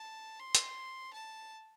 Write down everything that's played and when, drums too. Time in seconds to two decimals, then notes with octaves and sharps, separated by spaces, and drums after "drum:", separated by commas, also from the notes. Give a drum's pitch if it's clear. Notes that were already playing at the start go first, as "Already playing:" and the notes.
Already playing: A5
0.39 C6
0.55 drum: hi-hat
1.13 A5